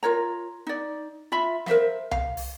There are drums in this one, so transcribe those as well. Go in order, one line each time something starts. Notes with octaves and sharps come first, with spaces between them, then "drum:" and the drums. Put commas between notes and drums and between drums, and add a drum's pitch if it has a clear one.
F4 A#4 C#5 A#5
D#4 D5
F4 E5 B5
A#4 C5 E5 F5, drum: snare
F5, drum: tom C2
drum: open hi-hat